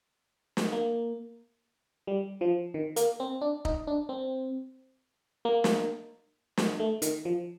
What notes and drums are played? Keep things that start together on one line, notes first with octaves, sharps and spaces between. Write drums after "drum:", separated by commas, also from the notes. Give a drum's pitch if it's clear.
drum: snare
A#3
G3
F3
D#3
A#3, drum: hi-hat
C4
D4
D#4, drum: kick
D4
C4
A#3
drum: snare
drum: snare
A3
D#3, drum: hi-hat
F3